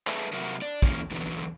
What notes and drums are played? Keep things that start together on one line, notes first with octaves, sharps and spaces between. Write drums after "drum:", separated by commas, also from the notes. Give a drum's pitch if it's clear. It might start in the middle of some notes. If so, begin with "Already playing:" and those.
A3 G#4 B4 E5 G#5 A5, drum: clap
C3 F#3 F#4 A#4 E5 F#5
D4 D5
E3 A#3 C#4, drum: kick
E2 D3 E3 F#3 B3